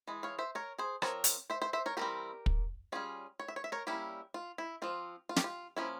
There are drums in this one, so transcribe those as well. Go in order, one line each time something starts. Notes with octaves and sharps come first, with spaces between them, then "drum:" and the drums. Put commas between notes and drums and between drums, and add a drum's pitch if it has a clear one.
E3 G#3
C#5 F5
C5 E5
A#4 C#5
G#4 C5
F3 C4 A#4 C#5, drum: rim click
drum: hi-hat
C5 E5
C5 E5
C5 E5
A#4 C#5
E3 G3 C4 G4 A#4
drum: kick
G3 C#4 F4 G#4
C#5
E5
C#5
E5
A#4 C#5
G3 A#3 C#4 E4 G4
F4
E4
F3 C4 F4
F4
G4, drum: snare
F4
F3 A#3 C#4 E4